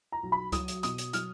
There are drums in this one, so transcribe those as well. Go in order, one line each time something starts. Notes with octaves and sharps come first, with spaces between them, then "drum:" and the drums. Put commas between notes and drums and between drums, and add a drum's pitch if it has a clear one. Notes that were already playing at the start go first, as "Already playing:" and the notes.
A#5
B1
B5
F#3 D#6, drum: kick C#2, hi-hat
drum: hi-hat
B2 D#6, drum: hi-hat
drum: hi-hat
F#3 F6, drum: hi-hat